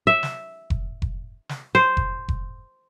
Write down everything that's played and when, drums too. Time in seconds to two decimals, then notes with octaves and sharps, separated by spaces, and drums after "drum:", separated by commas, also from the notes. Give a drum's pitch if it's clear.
0.07 E5
0.23 drum: snare
0.70 drum: kick F1
1.02 drum: kick F1
1.49 drum: snare
1.75 C5
1.97 drum: kick F1
2.29 drum: kick F1